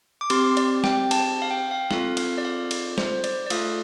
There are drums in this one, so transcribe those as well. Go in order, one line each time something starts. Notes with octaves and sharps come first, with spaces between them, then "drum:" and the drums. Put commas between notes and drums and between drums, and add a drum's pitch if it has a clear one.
D6
C4 G4 C6, drum: cymbal
D5, drum: cymbal
G5, drum: snare
A5, drum: cymbal
F5
G5
F5
C4 F4 A4 F5, drum: snare
F5, drum: cymbal
D5
F5
D5, drum: cymbal
C5, drum: snare
D5, drum: cymbal
D5
A3 F4 A4 F5, drum: cymbal